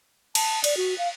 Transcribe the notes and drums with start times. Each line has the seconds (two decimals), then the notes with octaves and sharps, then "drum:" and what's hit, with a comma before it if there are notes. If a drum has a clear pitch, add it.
0.35 A5, drum: cymbal
0.64 D5, drum: cymbal
0.77 F#4
0.98 F5